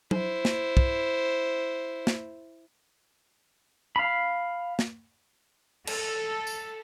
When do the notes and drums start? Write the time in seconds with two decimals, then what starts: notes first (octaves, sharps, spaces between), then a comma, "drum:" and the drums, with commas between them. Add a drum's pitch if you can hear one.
0.11 E4 C5, drum: tom
0.45 drum: snare
0.77 drum: kick
2.07 drum: snare
3.96 F5 B5
4.79 drum: snare
5.87 A4, drum: cymbal
6.47 drum: tambourine